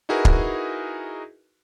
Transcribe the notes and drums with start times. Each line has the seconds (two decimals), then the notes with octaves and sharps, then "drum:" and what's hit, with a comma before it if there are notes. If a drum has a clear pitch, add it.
0.09 D#4 E4 F#4 G#4 A#4 B4
0.25 drum: kick